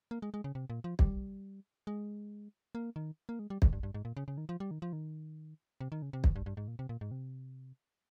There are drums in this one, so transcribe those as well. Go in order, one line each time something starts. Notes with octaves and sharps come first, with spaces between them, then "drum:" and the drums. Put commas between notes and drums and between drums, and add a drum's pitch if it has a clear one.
A#3
G#3
G#3
C#3
C3
A#2
F3
G3, drum: kick
G#3
A#3
D#3
A#3
G#3
G3
G#2, drum: kick
G2
G2
G#2
A#2
C#3
C#3
D#3
F3
G3
D#3
F3
D#3
C3
D#3
C#3
C3
F2, drum: kick
G2
G2
G#2
A#2
C3
A#2
G#2
C3